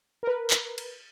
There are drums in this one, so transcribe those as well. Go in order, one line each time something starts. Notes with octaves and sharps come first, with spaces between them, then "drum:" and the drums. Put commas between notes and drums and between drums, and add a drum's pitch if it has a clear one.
A#4 B4
drum: clap
drum: cymbal